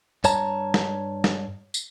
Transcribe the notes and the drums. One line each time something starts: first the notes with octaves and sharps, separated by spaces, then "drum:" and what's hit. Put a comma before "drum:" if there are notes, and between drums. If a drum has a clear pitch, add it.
G2 C#5 A5 A#5, drum: tambourine
drum: snare
drum: snare
drum: tambourine